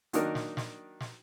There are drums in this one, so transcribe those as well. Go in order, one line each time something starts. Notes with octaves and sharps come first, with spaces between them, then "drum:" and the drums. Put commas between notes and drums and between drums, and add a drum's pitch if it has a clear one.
D#3 F#3 A#3 D4 D#4 A#4, drum: hi-hat
drum: snare
drum: snare
drum: snare